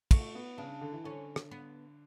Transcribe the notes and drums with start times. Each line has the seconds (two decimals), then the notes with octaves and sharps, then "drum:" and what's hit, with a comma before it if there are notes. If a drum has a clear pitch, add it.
0.11 A3 F#4, drum: kick, cymbal
0.35 B3
0.58 C#3 D4
0.81 D3
0.92 E3
1.04 D3 C#4
1.36 drum: rim click
1.51 B3